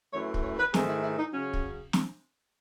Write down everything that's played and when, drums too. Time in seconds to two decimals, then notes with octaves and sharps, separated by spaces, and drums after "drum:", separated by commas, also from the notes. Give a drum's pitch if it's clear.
0.14 F#2 E3 A3 C#5
0.34 drum: kick
0.44 C#5
0.59 B4
0.74 G#2 D#3 A3 G#4, drum: snare
0.89 E4
1.04 E4
1.19 D#4
1.33 C#3 F#3 C#4
1.53 drum: kick
1.93 drum: snare